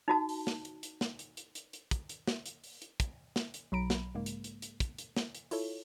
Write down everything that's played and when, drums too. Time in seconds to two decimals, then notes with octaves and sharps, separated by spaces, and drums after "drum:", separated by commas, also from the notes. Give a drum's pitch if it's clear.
0.08 D#4 F#4 A5
0.29 drum: open hi-hat
0.47 drum: snare
0.65 drum: hi-hat
0.83 drum: hi-hat
1.01 drum: snare
1.19 drum: hi-hat
1.37 drum: hi-hat
1.55 drum: hi-hat
1.73 drum: hi-hat
1.91 drum: kick, hi-hat
2.09 drum: hi-hat
2.27 drum: snare
2.46 drum: hi-hat
2.64 drum: open hi-hat
2.82 drum: hi-hat
3.00 drum: kick, hi-hat
3.36 drum: snare
3.54 drum: hi-hat
3.72 B1 F#3 A#5 B5 D7
3.90 drum: snare
4.15 G#2 C#3 G#3 A#3
4.26 drum: hi-hat
4.44 drum: hi-hat
4.62 drum: hi-hat
4.80 drum: kick, hi-hat
4.98 drum: hi-hat
5.16 drum: snare
5.35 drum: hi-hat
5.51 E4 F4 A4 C#5, drum: open hi-hat